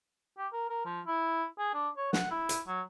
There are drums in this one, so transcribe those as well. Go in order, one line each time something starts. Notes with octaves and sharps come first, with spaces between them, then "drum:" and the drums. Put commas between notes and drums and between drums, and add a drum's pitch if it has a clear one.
G4
A#4
A#4
F3
E4
G#4
D4
C#5
F#5, drum: snare
E4
drum: hi-hat
F#3